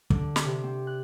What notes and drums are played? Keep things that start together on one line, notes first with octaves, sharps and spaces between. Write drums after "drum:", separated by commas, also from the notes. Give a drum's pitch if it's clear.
D3, drum: kick
drum: snare
C3
C4
F#6